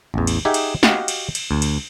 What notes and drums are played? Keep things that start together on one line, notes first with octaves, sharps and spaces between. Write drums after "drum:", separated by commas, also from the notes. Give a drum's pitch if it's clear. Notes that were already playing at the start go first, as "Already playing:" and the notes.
A1 E2
drum: cymbal
D#4 G4 G#4 E5 F#5 G#5
drum: cymbal
F#4 G4 D#5 F5 F#5, drum: snare
drum: cymbal
drum: cymbal
D2
drum: cymbal